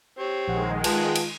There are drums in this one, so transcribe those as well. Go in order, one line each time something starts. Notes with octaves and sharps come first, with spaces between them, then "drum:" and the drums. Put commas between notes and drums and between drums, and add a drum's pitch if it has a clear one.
C4 G4 C#5
A#1 D#3 G#3 F#5
F4 G#4 B4 F#5 G5 A5, drum: cymbal
drum: cymbal